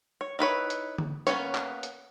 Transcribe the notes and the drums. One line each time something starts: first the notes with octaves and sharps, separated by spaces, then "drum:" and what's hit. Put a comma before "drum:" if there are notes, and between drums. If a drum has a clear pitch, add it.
C#5
D#4 E4 B4 C#5
drum: hi-hat
drum: tom D3
A#3 B3 C#4 B4 C#5, drum: hi-hat
drum: clap
drum: hi-hat